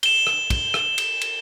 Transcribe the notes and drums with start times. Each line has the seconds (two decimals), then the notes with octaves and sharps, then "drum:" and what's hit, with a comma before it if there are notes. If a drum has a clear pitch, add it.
0.03 E7 G7, drum: cymbal
0.27 drum: rim click
0.50 drum: kick, cymbal
0.74 drum: rim click
0.98 drum: cymbal
1.21 drum: cymbal